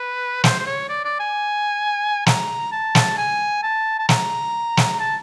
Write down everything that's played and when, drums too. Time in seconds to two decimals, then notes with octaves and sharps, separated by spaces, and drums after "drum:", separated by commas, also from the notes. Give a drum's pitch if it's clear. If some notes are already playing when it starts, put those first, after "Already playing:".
Already playing: B4
0.44 C5, drum: snare
0.60 C5
0.66 C#5
0.89 D5
1.05 D5
1.20 G#5
2.26 A#5, drum: snare
2.72 A5
2.95 drum: snare
3.18 G#5
3.63 A5
3.99 A5
4.09 A#5, drum: snare
4.77 drum: snare
5.00 A5